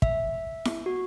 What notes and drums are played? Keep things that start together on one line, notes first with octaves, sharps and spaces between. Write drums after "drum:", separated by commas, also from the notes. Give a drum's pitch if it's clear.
E5, drum: kick
drum: snare E4
F#4